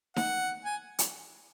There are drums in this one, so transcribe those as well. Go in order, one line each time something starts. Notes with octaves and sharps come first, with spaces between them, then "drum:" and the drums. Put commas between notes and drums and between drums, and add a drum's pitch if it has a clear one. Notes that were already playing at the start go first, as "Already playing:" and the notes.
F#5, drum: snare D#4
G#5
drum: hi-hat